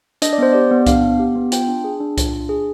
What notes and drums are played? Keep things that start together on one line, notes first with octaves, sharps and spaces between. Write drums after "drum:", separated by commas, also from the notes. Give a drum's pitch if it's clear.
D4 D#5, drum: hi-hat
D5
B3 C5
G4 D5
B3
D4 F5, drum: kick C2, hi-hat
B3
G4
B3
F4 G5, drum: hi-hat
D4
G#4
D4
F4, drum: kick C2, hi-hat
D4
G#4